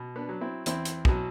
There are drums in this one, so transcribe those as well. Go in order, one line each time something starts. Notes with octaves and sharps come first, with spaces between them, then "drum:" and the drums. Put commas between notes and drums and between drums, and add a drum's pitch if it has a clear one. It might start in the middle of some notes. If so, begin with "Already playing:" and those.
Already playing: B2
B3 D4
F#3
C4 E4
E2 C4 E4, drum: hi-hat
drum: hi-hat
B2 F#3, drum: kick